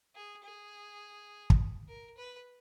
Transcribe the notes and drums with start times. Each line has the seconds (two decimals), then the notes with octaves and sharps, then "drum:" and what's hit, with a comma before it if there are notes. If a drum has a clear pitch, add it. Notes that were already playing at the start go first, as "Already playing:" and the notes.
0.15 G#4
0.44 G#4
1.50 drum: kick
1.88 A#4
2.17 B4